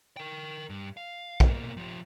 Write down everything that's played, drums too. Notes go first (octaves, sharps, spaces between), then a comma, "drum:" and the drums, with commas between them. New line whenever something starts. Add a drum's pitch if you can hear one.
A#4 G5
G2
F5
B2 A#3, drum: kick
F3 G4